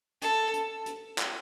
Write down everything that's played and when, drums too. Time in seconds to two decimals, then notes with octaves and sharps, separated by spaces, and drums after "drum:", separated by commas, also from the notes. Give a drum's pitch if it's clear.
0.22 A4, drum: hi-hat
0.54 drum: hi-hat
0.86 drum: hi-hat
1.18 drum: clap